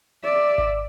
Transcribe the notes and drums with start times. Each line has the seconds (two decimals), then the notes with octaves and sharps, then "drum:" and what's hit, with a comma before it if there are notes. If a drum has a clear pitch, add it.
0.24 D5 E5
0.58 drum: kick G#1